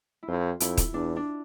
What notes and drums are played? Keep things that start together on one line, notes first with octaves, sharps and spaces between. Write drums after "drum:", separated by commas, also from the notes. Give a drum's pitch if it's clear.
E4
F2 F4
F2 E4, drum: hi-hat
drum: kick D#1, hi-hat
E2 D4
D4